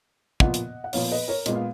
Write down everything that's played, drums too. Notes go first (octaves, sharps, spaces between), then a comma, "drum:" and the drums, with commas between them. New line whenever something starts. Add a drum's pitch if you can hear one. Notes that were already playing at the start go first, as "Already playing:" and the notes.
A#2 F3 B3 D#5 F#5, drum: kick
drum: hi-hat
F#5
A#2 F3 B3 C#5 F5, drum: open hi-hat
B4 D#5
A#4 C#5
A#2 G#3 B3 D#5, drum: hi-hat
F5